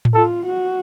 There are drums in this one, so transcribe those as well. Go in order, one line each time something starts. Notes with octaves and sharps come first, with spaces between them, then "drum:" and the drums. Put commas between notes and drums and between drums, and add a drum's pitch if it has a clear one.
drum: tom A2
F4 A4
F#4